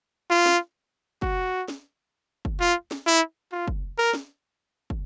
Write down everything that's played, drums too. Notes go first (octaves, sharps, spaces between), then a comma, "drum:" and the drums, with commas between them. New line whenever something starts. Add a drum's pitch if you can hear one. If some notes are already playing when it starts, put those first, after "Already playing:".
F4
drum: snare
F#4, drum: kick
drum: snare
drum: kick
F4
drum: snare
E4
F4
drum: kick
A#4
drum: snare
drum: kick